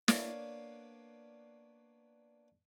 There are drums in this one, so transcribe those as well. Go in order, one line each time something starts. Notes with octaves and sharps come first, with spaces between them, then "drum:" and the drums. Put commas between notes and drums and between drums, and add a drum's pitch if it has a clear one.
A#3 B3 D4 C#5 D5 F5, drum: snare